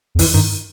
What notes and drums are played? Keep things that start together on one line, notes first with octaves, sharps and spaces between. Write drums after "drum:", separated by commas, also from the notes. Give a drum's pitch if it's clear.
E2
F2 E3, drum: kick, open hi-hat
G2 D#3